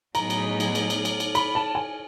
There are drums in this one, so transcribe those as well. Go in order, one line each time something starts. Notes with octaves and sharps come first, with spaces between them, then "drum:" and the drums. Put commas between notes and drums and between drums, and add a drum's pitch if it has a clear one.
A2 F#3 B3 D#4 G#4 A#5, drum: cymbal
drum: cymbal
drum: cymbal
drum: cymbal
drum: cymbal
drum: cymbal
drum: cymbal
B5, drum: cymbal
A5
G#5